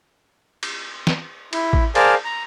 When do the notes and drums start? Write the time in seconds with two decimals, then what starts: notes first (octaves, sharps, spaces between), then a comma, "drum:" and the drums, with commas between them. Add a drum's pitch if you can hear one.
0.63 drum: cymbal
1.07 drum: snare
1.53 E4, drum: cymbal
1.73 drum: kick A1
1.95 G#4 A#4 C5 D5 F5 A5, drum: cymbal
2.24 A#5